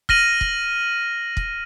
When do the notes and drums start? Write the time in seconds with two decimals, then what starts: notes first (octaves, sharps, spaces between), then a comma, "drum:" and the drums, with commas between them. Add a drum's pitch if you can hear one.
0.09 F6 A#6 D#7 F#7, drum: kick
0.41 drum: kick
1.37 drum: kick